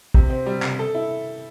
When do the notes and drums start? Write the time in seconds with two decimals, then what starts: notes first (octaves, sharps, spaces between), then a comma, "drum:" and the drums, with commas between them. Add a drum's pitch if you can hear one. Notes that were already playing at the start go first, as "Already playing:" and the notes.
0.14 C3, drum: kick
0.30 C4
0.46 G3
0.62 C3, drum: clap
0.79 A4
0.94 E4